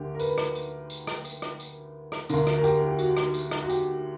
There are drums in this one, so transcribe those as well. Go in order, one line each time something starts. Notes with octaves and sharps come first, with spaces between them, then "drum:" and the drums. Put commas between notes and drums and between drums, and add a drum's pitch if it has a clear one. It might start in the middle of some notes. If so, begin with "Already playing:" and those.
Already playing: D2 D3 G4 A#4
A#4
B4, drum: tambourine
drum: rim click
drum: tambourine
drum: tambourine
drum: rim click
drum: tambourine
drum: rim click
drum: tambourine
drum: rim click
D2 D3 A#4, drum: tambourine
drum: rim click
A#4
G4, drum: tambourine
A#4
G4
F#4, drum: tambourine
drum: rim click
drum: tambourine
drum: rim click
F#4
G4, drum: tambourine